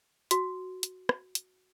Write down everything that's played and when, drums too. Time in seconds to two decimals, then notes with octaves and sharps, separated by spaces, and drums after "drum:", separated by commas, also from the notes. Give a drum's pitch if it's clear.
0.31 F#4, drum: hi-hat
0.83 drum: hi-hat
1.09 drum: rim click
1.35 drum: hi-hat